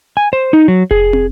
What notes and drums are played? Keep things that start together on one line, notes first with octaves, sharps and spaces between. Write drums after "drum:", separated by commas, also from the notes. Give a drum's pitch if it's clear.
G#5
C5
D#4
F#3
G#4, drum: kick F1
drum: tom